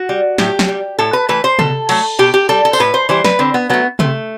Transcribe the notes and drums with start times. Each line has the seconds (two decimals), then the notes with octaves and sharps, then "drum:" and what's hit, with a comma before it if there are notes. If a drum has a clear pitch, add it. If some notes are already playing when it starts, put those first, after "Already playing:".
Already playing: F#4
0.09 G3
0.38 A2 G4, drum: snare
0.59 drum: snare
0.68 G3
0.99 A2 A4
1.13 B4
1.29 E3 A3 B4
1.44 C5
1.59 B2 A4, drum: tom C3
1.89 F#3 A3, drum: cymbal
2.19 B2 G4
2.34 G4
2.49 G3 A4
2.65 A4
2.73 C5, drum: tambourine
2.80 A2 B4
2.94 C5
3.09 E3 G3 C5
3.24 B4, drum: snare
3.39 D3 C4
3.54 B3
3.69 F#3 A3 B3
3.99 C3 A3, drum: tom